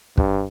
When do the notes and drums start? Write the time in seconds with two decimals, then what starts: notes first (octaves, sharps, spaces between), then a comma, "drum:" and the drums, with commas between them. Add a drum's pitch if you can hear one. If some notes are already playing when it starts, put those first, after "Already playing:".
0.17 G2, drum: kick